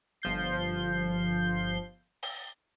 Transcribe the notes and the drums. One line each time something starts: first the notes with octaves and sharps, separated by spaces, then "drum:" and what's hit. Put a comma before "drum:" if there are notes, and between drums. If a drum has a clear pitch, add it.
G1 F3 G6 C7
drum: open hi-hat